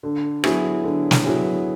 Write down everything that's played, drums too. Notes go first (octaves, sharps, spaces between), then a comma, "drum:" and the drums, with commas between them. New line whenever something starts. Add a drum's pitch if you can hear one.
D3
F#3 B3 E4 G#4, drum: rim click
D3
drum: snare
F#3 B3 E4 G#4